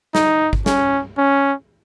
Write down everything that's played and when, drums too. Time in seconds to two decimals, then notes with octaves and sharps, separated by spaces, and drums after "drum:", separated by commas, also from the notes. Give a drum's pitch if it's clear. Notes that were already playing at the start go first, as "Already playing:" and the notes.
0.15 D#4, drum: snare
0.53 drum: kick G#1
0.66 C#4, drum: snare
1.18 C#4